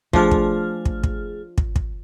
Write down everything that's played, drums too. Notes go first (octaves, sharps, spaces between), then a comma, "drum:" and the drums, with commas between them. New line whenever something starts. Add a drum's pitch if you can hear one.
F3 A3 D4 F4 G#4 F6, drum: kick
drum: kick
drum: kick
drum: kick
drum: kick
drum: kick